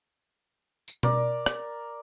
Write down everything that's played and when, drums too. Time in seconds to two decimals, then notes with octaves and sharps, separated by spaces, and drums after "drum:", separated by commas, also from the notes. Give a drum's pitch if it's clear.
0.88 drum: tambourine
1.03 A#4 D5, drum: tom B2
1.46 drum: rim click